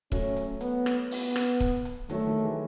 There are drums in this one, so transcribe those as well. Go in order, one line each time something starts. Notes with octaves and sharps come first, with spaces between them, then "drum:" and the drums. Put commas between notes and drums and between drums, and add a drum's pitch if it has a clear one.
F#3 A3 C#4, drum: kick
drum: hi-hat
B3, drum: hi-hat
drum: rim click
B3, drum: open hi-hat
drum: rim click
drum: kick, hi-hat
drum: hi-hat
D#3 F#3 A3, drum: hi-hat
D#3 F#3
E3 G#3